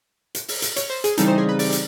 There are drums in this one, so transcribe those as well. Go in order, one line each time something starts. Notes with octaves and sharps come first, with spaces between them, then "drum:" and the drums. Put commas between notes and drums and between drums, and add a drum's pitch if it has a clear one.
drum: hi-hat
drum: open hi-hat
drum: hi-hat
C#5, drum: hi-hat
C5
G#4, drum: hi-hat
C#3 E3 G3 C4 D#4 A4, drum: hi-hat
C5
G#4
B4
D5, drum: open hi-hat
drum: hi-hat